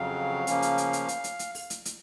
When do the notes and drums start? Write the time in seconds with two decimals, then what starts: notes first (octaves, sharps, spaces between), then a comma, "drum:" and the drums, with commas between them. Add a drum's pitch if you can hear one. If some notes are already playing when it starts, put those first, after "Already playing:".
Already playing: F2 C#3 F#3 F5
0.47 C#3 F3 A#3 C#4, drum: hi-hat
0.62 drum: hi-hat
0.78 drum: hi-hat
0.93 drum: hi-hat
1.09 drum: hi-hat
1.24 drum: hi-hat
1.39 drum: hi-hat
1.55 drum: open hi-hat
1.70 drum: hi-hat
1.85 drum: hi-hat